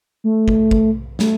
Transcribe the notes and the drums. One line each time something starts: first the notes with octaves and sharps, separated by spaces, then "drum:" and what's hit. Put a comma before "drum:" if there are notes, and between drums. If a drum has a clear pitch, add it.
A3
drum: kick
drum: kick
A3, drum: snare